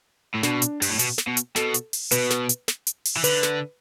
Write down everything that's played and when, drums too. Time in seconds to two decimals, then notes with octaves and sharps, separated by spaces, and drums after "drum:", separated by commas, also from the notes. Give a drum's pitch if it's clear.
0.34 A2
0.43 B2 D4, drum: snare
0.62 drum: hi-hat
0.82 G2, drum: open hi-hat
0.90 A2
0.99 B2, drum: hi-hat
1.18 drum: snare
1.27 B2
1.37 drum: hi-hat
1.56 B2 A4, drum: snare
1.74 drum: hi-hat
1.93 drum: open hi-hat
2.11 B2 B4, drum: hi-hat
2.30 drum: snare
2.49 drum: hi-hat
2.68 drum: snare
2.87 drum: hi-hat
3.05 drum: open hi-hat
3.16 E3
3.24 D3 B4, drum: hi-hat
3.43 drum: snare